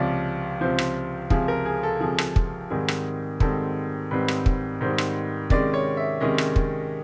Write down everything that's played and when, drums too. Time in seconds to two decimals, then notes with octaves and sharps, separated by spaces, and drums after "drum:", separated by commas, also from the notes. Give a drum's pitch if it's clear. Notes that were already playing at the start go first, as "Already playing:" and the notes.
Already playing: C#2 C3 F3 D5
0.61 C#2 C3 F3 C5
0.78 drum: rim click
1.30 C#2 C3 F3 G#4, drum: kick
1.48 A#4
1.65 G#4
1.83 A4
2.00 C#2 C3 F3 G#4
2.18 drum: rim click
2.36 drum: kick
2.70 G#2 D#3 G3 C4 G#4
2.88 drum: rim click
3.40 G#2 D#3 G3 C4 A4, drum: kick
4.11 G#2 D#3 G3 C4 B4
4.28 drum: rim click
4.46 drum: kick
4.81 G#2 D#3 G3 C4 C5
4.98 drum: rim click
5.50 C3 D#3 G#3 C#4 D5, drum: kick
5.74 C#5
5.97 E5
6.20 C3 D#3 G#3 C#4 D#5
6.38 drum: rim click
6.56 drum: kick